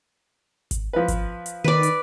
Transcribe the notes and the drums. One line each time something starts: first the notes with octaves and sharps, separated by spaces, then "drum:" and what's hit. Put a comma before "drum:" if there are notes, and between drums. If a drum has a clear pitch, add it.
drum: kick G#1, hi-hat
F3 B4
drum: kick G#1, hi-hat
drum: hi-hat
D#3 B4 D5
drum: hi-hat